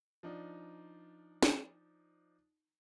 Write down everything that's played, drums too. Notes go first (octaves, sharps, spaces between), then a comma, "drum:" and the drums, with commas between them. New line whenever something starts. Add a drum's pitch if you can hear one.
F3 D4 D#4
drum: snare